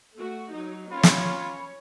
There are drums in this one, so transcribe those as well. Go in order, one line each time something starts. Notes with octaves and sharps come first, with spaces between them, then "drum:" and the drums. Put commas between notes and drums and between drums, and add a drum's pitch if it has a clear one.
A3 F#4
F#3 D#4
C#4 F4 C#5 B5
drum: snare